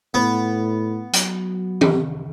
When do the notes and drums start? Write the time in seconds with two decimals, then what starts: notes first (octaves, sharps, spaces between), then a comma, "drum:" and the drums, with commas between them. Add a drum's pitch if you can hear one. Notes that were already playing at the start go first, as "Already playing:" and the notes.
0.14 A2 B3
1.13 F#3, drum: hi-hat
1.81 drum: tom